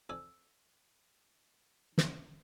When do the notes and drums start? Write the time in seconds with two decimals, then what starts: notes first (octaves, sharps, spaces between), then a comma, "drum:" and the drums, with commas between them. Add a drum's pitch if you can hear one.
0.09 F2 D5 G#5 E6
1.98 drum: snare